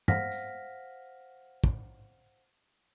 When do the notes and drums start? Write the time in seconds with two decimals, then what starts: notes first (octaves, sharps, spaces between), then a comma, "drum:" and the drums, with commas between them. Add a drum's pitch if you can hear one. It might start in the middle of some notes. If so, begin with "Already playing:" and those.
0.08 C5 F5 F#5 F6 A#6 B6, drum: tom
0.32 drum: tambourine
1.64 drum: kick